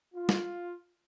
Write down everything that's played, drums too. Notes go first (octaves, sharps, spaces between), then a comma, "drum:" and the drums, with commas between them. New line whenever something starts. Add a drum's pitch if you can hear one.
F4
drum: snare